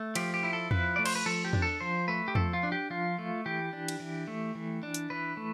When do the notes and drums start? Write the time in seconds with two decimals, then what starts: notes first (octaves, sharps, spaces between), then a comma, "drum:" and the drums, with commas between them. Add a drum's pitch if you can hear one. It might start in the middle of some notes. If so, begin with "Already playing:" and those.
Already playing: A3
0.15 F3 G4, drum: cymbal
0.34 G4
0.43 E4
0.53 A4
0.71 F3 B4, drum: tom E2
0.96 A3 D5
1.06 C5, drum: cymbal
1.15 B4
1.26 F3 A4
1.45 G4
1.53 D4, drum: tom E2
1.62 A4
1.80 F3 C5
2.08 A3 B4
2.28 G4
2.35 F3 A4, drum: tom E2
2.53 F4
2.63 D4
2.72 G4
2.90 F3 F4
3.19 A3
3.46 E3 G4
3.73 D4
3.88 drum: cymbal
4.00 E3
4.28 A3
4.55 E3
4.83 D4
4.94 drum: hi-hat
5.10 E3 B4
5.37 A3